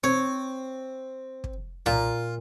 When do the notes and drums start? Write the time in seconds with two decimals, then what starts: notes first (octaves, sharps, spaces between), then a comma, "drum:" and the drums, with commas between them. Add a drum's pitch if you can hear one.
0.04 C4 C#5
1.44 drum: kick
1.86 A#2 F4, drum: tom